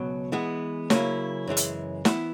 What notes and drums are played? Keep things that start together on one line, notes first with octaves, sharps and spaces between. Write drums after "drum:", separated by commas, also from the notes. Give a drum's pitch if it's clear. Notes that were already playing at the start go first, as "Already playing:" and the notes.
Already playing: C#2 B2 F#3
E3 G#3 B3
C#3 F#3 A#3 C#4 E4, drum: snare
F#2 C#3 E3 G#3
drum: hi-hat
E3 B3 E4, drum: snare